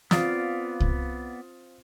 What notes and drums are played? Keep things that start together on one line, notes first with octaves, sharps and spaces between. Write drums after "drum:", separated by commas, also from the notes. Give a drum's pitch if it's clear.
B3 C4 F4 D5 F5 D#6, drum: snare
drum: kick C2